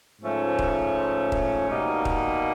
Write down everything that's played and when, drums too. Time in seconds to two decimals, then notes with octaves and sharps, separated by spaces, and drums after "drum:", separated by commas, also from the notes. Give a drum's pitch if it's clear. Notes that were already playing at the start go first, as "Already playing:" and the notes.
0.22 G#2 F3 A3 C#4
0.59 drum: kick D#1
1.32 drum: kick D#1
1.69 B2 G3 A#3 D#4
2.05 drum: kick D#1